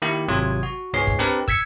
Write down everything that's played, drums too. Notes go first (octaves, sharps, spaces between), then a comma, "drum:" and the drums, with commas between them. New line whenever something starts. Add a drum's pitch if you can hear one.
D#3 A#3 E4 G4
G#1 C3 F#3 F4 D#6 G#6
F#4
C#2 G#2 B3 G#4 C#5 C7
drum: kick
C4 D4 G4 A#4 B4 D5
E6 G#6 B6 C#7, drum: kick